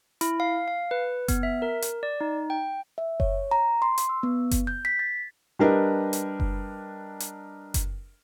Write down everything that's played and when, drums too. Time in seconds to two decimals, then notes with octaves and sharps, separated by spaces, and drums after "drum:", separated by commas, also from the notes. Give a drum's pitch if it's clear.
0.21 E4, drum: hi-hat
0.40 F5
0.68 F5
0.91 B4
1.28 B3, drum: kick F#1, hi-hat
1.43 E5
1.62 A#4
1.82 drum: hi-hat
2.03 D5
2.21 D#4
2.50 G5
2.98 E5
3.20 C#5, drum: kick F#1
3.51 A#5
3.82 C6
3.98 drum: hi-hat
4.09 E6
4.23 B3
4.51 drum: kick F#1, hi-hat
4.67 G6
4.85 B6
4.99 A6
5.59 G3 D4 A#4 B4 D#5 G5
6.13 drum: hi-hat
6.40 drum: kick F#1
7.20 drum: hi-hat
7.74 drum: kick F#1, hi-hat